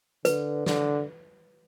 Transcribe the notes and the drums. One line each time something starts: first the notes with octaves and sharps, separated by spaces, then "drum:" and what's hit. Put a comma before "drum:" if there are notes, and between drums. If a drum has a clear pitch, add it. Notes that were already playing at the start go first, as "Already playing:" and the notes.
D3 B4, drum: hi-hat
D3, drum: snare